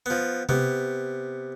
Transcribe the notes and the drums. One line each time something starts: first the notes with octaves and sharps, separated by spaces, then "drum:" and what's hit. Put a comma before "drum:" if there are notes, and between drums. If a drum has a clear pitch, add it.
F3 B3
C3 B3, drum: tom C3